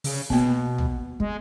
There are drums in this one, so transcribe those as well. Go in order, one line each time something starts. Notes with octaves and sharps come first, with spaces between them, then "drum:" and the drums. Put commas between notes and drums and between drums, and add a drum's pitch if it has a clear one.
C#3, drum: open hi-hat
B2 A#3 B3, drum: kick
drum: tom
G#3, drum: kick